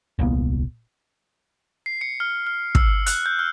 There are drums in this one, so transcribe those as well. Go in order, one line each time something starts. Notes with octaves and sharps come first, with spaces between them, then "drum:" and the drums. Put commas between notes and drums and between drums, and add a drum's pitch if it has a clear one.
D#1 C2 A#3 B3
C7
C#7
F6
F6
E6, drum: kick
F#6, drum: hi-hat
G6
F6